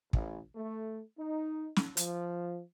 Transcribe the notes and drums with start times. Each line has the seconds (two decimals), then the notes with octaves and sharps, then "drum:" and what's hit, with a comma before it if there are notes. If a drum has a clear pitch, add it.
0.13 A1, drum: kick
0.55 A3
1.18 D#4
1.76 drum: snare
1.97 F3, drum: hi-hat